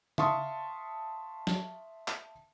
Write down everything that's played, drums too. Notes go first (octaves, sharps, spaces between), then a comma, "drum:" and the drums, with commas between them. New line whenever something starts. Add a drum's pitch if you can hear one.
E5 F5 A5 C6 C#6 D#6, drum: tom C#3
drum: snare
drum: clap